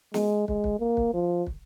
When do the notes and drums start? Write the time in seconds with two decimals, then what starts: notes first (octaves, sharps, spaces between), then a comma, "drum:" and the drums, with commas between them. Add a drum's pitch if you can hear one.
0.14 G#3, drum: snare
0.48 G#3, drum: kick
0.64 drum: kick
0.80 A#3
0.97 drum: kick
1.13 F3
1.47 drum: kick